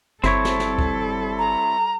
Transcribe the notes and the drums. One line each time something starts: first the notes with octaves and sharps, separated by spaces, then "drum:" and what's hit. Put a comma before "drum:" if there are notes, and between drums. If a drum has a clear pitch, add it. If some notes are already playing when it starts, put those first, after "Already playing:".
G1 G3 C4 E4 A4 C#5, drum: snare
drum: snare
drum: snare
drum: kick
A#5